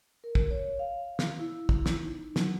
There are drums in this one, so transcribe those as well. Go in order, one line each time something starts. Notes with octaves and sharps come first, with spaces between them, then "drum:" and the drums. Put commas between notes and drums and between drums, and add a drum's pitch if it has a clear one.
A#4
drum: kick
C#5
F5
drum: snare
E4
drum: kick
drum: snare
D#4
F#3, drum: snare